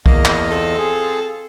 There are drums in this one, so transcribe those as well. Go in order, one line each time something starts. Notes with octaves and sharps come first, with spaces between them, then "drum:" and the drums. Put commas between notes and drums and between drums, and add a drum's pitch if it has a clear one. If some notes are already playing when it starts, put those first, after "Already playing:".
E2 A#3 D#5, drum: kick
drum: clap
C4 F4 A4
G#4